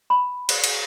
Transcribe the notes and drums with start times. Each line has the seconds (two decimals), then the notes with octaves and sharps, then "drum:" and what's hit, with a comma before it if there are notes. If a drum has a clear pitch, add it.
0.10 B5
0.49 C5, drum: cymbal
0.64 drum: cymbal